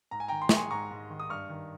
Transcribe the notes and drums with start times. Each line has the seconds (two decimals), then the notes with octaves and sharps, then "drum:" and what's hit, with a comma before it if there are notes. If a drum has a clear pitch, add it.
0.11 G#2 A#5
0.20 G#5
0.28 D#3 G5 A#5
0.42 C6
0.49 G#3 C#6, drum: snare
0.56 G#5 C6
0.71 G#2 A#5 C#6
0.91 G#2
1.10 D#3
1.20 D#6
1.30 G2 C#6 F6
1.50 D#3